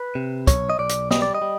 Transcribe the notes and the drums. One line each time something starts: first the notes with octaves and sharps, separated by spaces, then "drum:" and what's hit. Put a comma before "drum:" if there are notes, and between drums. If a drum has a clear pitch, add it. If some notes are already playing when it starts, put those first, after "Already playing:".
Already playing: B4
C3
B1 C#5, drum: kick, hi-hat
D#5
B1 D5
drum: hi-hat
G3 D#5, drum: snare
D5
D#5
G3